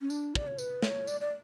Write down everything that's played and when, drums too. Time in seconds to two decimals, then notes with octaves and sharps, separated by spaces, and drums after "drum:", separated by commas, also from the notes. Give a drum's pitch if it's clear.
0.01 C#4
0.10 D4, drum: tambourine
0.35 D5, drum: kick
0.47 C#5
0.58 B4, drum: tambourine
0.82 C#5, drum: snare
1.07 D5, drum: tambourine
1.21 D5